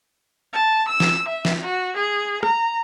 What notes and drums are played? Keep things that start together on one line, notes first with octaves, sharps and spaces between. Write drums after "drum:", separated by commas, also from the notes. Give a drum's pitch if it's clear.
A5
E6
drum: snare
E5
drum: snare
F#4
G#4
A#5, drum: rim click